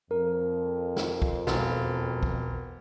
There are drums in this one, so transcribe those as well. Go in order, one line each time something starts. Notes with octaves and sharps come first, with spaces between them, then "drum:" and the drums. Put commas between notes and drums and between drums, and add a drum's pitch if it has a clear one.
F2 A#4
drum: snare
drum: kick
E1, drum: snare
drum: kick